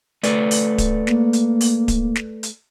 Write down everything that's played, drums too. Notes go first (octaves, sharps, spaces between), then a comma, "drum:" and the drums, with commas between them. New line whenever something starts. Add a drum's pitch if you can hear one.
A3 B4 D5, drum: hi-hat
drum: open hi-hat
drum: kick D1, hi-hat
A#3, drum: snare
drum: hi-hat
drum: open hi-hat
drum: kick D1, hi-hat
drum: snare
drum: hi-hat